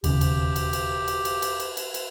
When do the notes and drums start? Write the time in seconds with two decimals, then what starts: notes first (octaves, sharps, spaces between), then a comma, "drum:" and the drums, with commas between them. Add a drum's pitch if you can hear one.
0.04 E1 D#2 C#3 G4, drum: cymbal
0.21 drum: cymbal
0.56 drum: cymbal
0.73 drum: cymbal
1.08 drum: cymbal
1.25 drum: cymbal
1.42 drum: cymbal
1.60 drum: cymbal
1.77 drum: cymbal
1.94 drum: cymbal